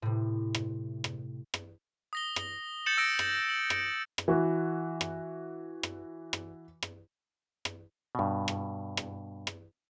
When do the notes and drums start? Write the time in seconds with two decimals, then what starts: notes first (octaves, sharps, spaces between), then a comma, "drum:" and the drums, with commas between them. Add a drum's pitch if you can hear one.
0.02 A2 C3
0.55 drum: rim click
1.04 drum: rim click
1.54 drum: rim click
2.13 D#6 A#6 G7
2.36 drum: rim click
2.86 G6 A6 C#7 E7 F#7
2.98 E6 A#6 D7
3.19 drum: rim click
3.49 F#7
3.70 D7, drum: rim click
4.18 drum: rim click
4.28 E3 F#4
5.01 drum: rim click
5.83 drum: rim click
6.33 drum: rim click
6.83 drum: rim click
7.65 drum: rim click
8.15 G2 B2
8.48 drum: rim click
8.97 drum: rim click
9.47 drum: rim click